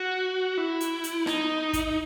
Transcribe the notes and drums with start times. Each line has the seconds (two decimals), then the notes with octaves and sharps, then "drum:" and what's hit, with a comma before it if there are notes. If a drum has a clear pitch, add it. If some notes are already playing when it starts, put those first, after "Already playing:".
Already playing: F#4
0.58 E4
0.80 drum: hi-hat
1.04 drum: hi-hat
1.27 D#4, drum: rim click
1.73 drum: kick, hi-hat